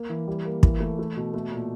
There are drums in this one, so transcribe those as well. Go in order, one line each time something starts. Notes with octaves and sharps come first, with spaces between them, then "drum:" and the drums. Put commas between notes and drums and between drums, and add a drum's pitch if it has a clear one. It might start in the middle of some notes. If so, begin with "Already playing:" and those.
Already playing: A#3
E3
G3
A#3
E3, drum: kick
A3
A3
B2
A3
A#2